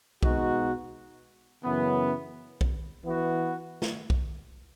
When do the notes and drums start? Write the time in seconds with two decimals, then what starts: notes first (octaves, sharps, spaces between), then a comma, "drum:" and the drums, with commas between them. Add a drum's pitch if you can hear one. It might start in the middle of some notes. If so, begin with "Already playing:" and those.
0.23 B2 G#3 D#4 F#4, drum: kick B1
1.63 F#2 C#3 E3 B3
2.61 drum: kick B1
3.05 E3 B3 F#4
3.82 drum: snare
4.10 drum: kick B1